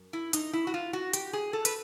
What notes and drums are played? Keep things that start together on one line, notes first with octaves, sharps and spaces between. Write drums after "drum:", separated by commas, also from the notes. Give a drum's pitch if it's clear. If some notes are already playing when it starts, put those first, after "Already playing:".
Already playing: F#2
E4
D#4, drum: hi-hat
E4
F#4
F4
F#4
G4, drum: hi-hat
G#4
A4
B4, drum: hi-hat